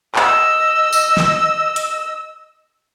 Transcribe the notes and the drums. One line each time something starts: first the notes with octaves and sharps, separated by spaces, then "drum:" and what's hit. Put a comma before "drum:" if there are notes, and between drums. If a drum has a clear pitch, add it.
D#5 E6, drum: clap
drum: tambourine
drum: snare
drum: hi-hat